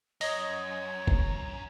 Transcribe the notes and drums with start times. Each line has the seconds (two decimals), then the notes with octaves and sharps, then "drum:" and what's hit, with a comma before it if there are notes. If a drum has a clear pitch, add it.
0.21 F#2 C#5 D#5, drum: open hi-hat
1.07 drum: kick